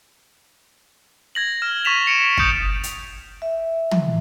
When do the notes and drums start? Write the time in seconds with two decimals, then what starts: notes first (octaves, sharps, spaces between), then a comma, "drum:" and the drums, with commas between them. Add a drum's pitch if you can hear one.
1.35 G#6 A#6 F#7
1.62 F6 E7
1.85 C#6 A6 B6 E7 F7
2.07 C#7 D7 F7
2.37 D#6 G6 A6 B6 D7 F7, drum: kick
2.83 drum: hi-hat
3.42 E5
3.91 drum: tom